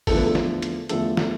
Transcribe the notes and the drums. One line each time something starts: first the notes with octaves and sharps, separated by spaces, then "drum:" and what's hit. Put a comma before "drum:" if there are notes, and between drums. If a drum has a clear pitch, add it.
E2 D3 F3 A3 A4, drum: kick, open hi-hat
B4
A4
drum: snare
drum: hi-hat
E2 D3 F3 A3 A4, drum: hi-hat
drum: snare